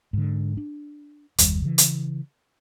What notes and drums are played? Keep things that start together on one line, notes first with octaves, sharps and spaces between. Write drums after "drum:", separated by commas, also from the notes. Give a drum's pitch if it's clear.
G#2 D3
D4
F#1 D#2 G3, drum: hi-hat
C#3 E3
drum: hi-hat